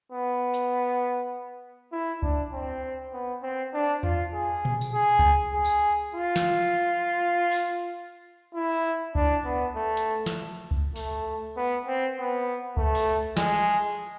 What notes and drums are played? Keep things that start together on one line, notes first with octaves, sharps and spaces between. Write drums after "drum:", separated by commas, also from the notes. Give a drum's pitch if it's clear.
B3
drum: hi-hat
E4
D4, drum: kick C#2
C4
B3
C4
D4
F4, drum: tom E2
G#4
drum: tom A#2
drum: tambourine
G#4
drum: kick C#2
G#4
drum: tambourine
F4
drum: snare
drum: open hi-hat
E4
D4, drum: kick C#2
B3
A3
drum: hi-hat
drum: snare
drum: kick C#2
A3, drum: open hi-hat
B3
C4
B3
A3, drum: kick C#2
drum: open hi-hat
G#3, drum: snare